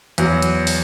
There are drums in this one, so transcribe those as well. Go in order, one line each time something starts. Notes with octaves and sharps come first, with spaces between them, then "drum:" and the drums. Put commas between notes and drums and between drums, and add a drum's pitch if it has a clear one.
E2 F#3, drum: hi-hat
drum: hi-hat
drum: open hi-hat